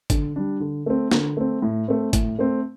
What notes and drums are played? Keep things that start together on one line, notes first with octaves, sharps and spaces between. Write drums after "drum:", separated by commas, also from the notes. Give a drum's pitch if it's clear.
D3, drum: kick, hi-hat
G3 D4
D3
A3 C4
D3, drum: snare
A3 C4
A2
A3 C4
A2, drum: kick, hi-hat
A3 C4